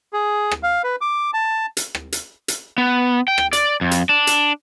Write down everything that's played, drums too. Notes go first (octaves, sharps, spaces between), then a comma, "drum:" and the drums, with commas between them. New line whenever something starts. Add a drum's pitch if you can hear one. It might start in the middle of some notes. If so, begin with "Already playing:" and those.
G#4
drum: rim click
F5
B4
D6
A5
drum: hi-hat
drum: rim click
drum: hi-hat
drum: hi-hat
B3
G5
drum: rim click
D5, drum: hi-hat
F2
drum: hi-hat
D4
drum: hi-hat